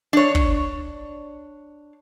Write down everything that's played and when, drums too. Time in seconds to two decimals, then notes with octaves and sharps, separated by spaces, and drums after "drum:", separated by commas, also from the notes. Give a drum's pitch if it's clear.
0.13 D4 C#5
0.35 drum: kick